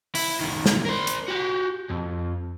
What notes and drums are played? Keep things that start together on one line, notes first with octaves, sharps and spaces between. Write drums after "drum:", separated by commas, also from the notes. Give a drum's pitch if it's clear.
E4, drum: open hi-hat
C2 D#3
drum: snare
A#4 C5
drum: hi-hat
F#4 G4
F2